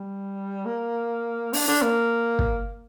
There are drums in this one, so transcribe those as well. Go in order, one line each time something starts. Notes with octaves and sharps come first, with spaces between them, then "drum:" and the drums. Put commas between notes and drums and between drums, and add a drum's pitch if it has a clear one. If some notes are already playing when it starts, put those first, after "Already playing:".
Already playing: G3
A#3
D4, drum: open hi-hat
D4
A#3
drum: kick